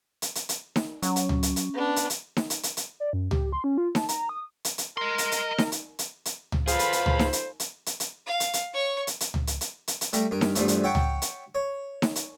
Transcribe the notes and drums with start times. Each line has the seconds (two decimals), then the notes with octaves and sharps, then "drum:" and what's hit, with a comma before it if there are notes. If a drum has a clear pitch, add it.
0.22 drum: hi-hat
0.35 drum: hi-hat
0.49 drum: hi-hat
0.76 drum: snare D#4
1.02 F#3 C#4, drum: hi-hat
1.16 drum: hi-hat
1.29 drum: tom C#2
1.43 drum: hi-hat
1.56 drum: hi-hat
1.74 B3 D4
1.96 drum: hi-hat
2.10 drum: hi-hat
2.37 drum: snare D#4
2.50 drum: hi-hat
2.63 drum: hi-hat
2.77 drum: hi-hat
3.00 D5
3.13 F#2
3.31 G4, drum: tom C#2
3.53 C6
3.64 C#4
3.78 F4
3.95 A5, drum: snare D#4
4.09 A#5, drum: hi-hat
4.29 D#6
4.65 drum: hi-hat
4.78 drum: hi-hat
4.97 A#4 D#5 C6
5.18 drum: hi-hat
5.32 drum: hi-hat
5.58 drum: snare D#4
5.72 drum: hi-hat
5.99 drum: hi-hat
6.25 drum: hi-hat
6.52 drum: tom C#2
6.67 F4 G#4 A4 B4 C5 F5 B5, drum: hi-hat
6.79 drum: hi-hat
6.92 drum: hi-hat
7.06 drum: tom C#2
7.19 drum: snare D#4
7.33 drum: hi-hat
7.60 drum: hi-hat
7.86 drum: hi-hat
8.00 drum: hi-hat
8.26 F5
8.40 drum: hi-hat
8.53 drum: hi-hat
8.73 C#5 C#6
9.07 drum: hi-hat
9.20 drum: hi-hat
9.34 drum: tom C#2
9.47 drum: hi-hat
9.61 drum: hi-hat
9.88 drum: hi-hat
10.01 drum: hi-hat
10.13 G3 A3 A#5, drum: hi-hat
10.31 G2 A#4
10.41 drum: snare D#4
10.55 E2 G2 F3 A3, drum: hi-hat
10.68 drum: hi-hat
10.84 C#5 E5 F#5 G5 A5 C#6
10.95 drum: tom C#2
11.22 drum: hi-hat
11.55 C#5
12.02 drum: snare D#4
12.16 drum: hi-hat